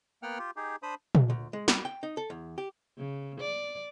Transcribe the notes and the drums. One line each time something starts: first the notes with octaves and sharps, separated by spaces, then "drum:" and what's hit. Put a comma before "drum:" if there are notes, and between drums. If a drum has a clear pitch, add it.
A#3 B3 F#5 G5 F6
F4 G4
D#4 G4 G#4
D4 C5 B5 D#6
drum: tom A#2
D2
G#3
G3, drum: snare
G5
D#4
A4
E2
G4
C#3
D5